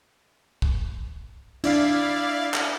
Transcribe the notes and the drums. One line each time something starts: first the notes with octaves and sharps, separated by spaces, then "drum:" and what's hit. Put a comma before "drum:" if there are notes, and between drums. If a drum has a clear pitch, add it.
drum: kick
D4 E4 D5 F5, drum: cymbal
drum: clap